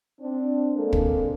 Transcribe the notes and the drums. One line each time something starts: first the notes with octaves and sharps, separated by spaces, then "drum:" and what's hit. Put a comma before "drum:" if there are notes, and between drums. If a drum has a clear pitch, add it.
C4 D4
G#3 A#3 C4 D4 A4
drum: kick